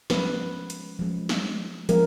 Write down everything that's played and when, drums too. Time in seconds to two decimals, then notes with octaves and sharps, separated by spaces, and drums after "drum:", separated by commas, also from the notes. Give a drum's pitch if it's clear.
0.10 F3 G#3 C#4 B4, drum: snare
0.70 drum: hi-hat
0.99 F3 G#3 C#4
1.29 drum: snare
1.89 F3 G#3 C#4 A#4, drum: hi-hat